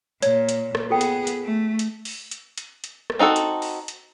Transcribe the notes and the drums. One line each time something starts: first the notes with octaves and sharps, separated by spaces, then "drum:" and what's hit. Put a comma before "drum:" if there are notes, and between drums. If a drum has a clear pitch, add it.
A#2 C#5, drum: hi-hat
drum: hi-hat
drum: rim click
B3 F4 G#4 A4 G5
drum: hi-hat
drum: hi-hat
A3
drum: hi-hat
drum: open hi-hat
drum: hi-hat
drum: hi-hat
drum: hi-hat
drum: rim click
C4 D#4 F#4 A4
drum: hi-hat
drum: open hi-hat
drum: hi-hat